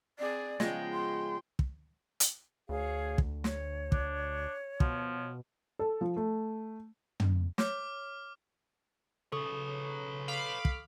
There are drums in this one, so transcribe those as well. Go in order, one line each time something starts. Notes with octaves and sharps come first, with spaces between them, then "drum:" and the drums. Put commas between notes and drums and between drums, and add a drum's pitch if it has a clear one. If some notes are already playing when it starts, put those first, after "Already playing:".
C4 G#4 D5
C#3 F3 G#3 B3 G5, drum: snare
C6
drum: kick
drum: hi-hat
D2 G#4 C#5 F5
drum: kick
C#5, drum: snare
D4, drum: kick
B2 F3, drum: kick
A4
F3
A3
drum: tom
C#5 D6 F6, drum: snare
C#3 A4 B4 C#5 C#6 D#6
F5 B5 D6
drum: kick